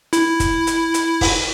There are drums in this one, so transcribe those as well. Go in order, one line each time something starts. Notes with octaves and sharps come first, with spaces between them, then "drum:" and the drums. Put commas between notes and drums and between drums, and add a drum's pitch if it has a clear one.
E4, drum: hi-hat
drum: kick, hi-hat
drum: hi-hat
drum: hi-hat
drum: kick, open hi-hat